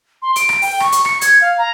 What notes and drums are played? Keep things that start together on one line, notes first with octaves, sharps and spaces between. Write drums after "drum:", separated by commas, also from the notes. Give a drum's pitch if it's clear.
C6
D7, drum: hi-hat
drum: rim click
G5, drum: open hi-hat
C#6, drum: rim click
drum: hi-hat
C#7, drum: rim click
G#6, drum: hi-hat
F5
A#5